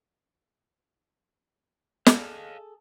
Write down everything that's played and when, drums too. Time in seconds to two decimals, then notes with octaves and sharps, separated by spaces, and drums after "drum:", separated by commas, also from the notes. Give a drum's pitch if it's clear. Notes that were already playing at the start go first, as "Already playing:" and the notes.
2.06 G#4 A4 D#5 F5, drum: snare